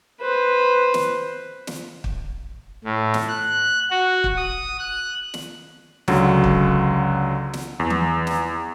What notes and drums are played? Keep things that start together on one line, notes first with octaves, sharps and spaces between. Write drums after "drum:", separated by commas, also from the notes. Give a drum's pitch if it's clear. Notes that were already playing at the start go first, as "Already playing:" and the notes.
B4 C5
drum: snare
drum: snare
drum: kick
A2
drum: snare
F#6
F#4
drum: kick
D#6
F#6
drum: snare
C#2 D3 F#3, drum: snare
drum: kick
drum: snare
E2
drum: tom E3
drum: snare